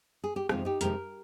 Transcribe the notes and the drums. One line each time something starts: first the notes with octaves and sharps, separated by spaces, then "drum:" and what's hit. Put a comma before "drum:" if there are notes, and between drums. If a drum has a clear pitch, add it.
G#4
G4
F2 C3 D#3 G#3 C4 F4, drum: rim click
D#4 G4
F2 C3 D#3 G#3 C4 G4 A#4, drum: hi-hat